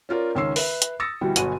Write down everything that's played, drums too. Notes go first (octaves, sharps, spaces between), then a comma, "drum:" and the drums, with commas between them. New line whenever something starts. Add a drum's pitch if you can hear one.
C#4 F4 A#4 D5
C#2 D#3 C#4 C6 E6 C7
B4 E5, drum: open hi-hat
drum: hi-hat
D#6 E6 A6 A#6 C#7
D2 B2 E3 G3
G1 B2 F#3 F#4 G#5 D#7, drum: hi-hat